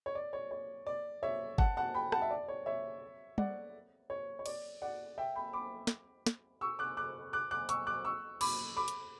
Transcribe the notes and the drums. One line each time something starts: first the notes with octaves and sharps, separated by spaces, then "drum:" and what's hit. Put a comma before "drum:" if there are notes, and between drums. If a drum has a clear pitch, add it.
C#5
D5
C#5
C#5
D5
C#5 E5
F#5 A5, drum: kick G1
F#5 A5
G5 B5
F#5 A5, drum: rim click
E5
D5
C#5
C#5 E5
D5 F#5, drum: tom
C#5
C#5
D5, drum: cymbal
D5 F#5
E5 G5
G5 B5
B5 D6
drum: snare
drum: snare
C#6 E6
D6 F#6
D6 F#6
D6 F#6
D6 F#6
C#6 E6, drum: hi-hat
D6 F#6
C#6 E6
B5 D6, drum: cymbal
B5 D6
drum: hi-hat